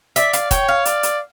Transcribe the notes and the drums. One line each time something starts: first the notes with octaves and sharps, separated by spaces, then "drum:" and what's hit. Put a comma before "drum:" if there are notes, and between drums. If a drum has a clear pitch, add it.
D5 E5, drum: hi-hat
F5, drum: hi-hat
C#5 G5, drum: kick, hi-hat
F5
D5, drum: hi-hat
drum: hi-hat